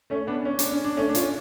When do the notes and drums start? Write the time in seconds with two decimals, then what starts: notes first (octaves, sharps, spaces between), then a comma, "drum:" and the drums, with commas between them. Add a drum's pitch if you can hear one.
0.10 A3 C#4
0.27 B3 D4
0.45 C#4
0.59 D4, drum: hi-hat
0.71 C#4
0.85 D4
0.97 A3 C#4
1.09 D4
1.15 C#4 F4, drum: hi-hat